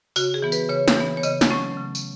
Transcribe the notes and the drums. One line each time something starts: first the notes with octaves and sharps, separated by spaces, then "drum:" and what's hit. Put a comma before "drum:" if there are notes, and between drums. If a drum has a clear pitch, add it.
C#3 F#4, drum: tambourine
G#4
E3 B3
B4, drum: tambourine
C#3 C#5
drum: snare
E3 B3
C#5
C#3 D#5, drum: tambourine
drum: snare
F#3 A3 C#4
C#3
drum: tambourine